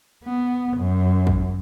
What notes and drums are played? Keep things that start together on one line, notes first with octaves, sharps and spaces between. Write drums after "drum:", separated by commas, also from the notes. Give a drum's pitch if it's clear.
B3
F#2
drum: kick A1